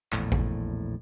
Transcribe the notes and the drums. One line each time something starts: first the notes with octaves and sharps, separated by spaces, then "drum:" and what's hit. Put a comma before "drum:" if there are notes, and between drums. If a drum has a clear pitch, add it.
A#1 E2 A2, drum: clap
drum: kick A1